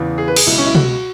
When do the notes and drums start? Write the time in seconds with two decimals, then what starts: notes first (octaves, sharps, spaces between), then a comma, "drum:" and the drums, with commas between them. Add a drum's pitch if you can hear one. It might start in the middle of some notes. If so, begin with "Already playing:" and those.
Already playing: E2 C#3 E3
0.18 G#4
0.28 B4
0.36 G#4, drum: cymbal
0.47 C#2 B2 F#3 E4
0.58 C#4
0.66 E4
0.75 F#4, drum: tom